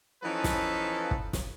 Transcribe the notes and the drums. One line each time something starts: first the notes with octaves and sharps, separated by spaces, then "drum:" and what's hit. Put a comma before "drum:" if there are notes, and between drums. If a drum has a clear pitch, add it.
E3 F3 C#4 D#4 A4 B4
drum: snare
drum: kick
drum: snare